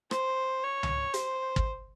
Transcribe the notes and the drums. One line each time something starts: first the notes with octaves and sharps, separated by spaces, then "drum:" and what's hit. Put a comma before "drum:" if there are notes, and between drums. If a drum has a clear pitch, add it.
C5, drum: rim click
C#5
drum: tom C#2
C5, drum: hi-hat
drum: kick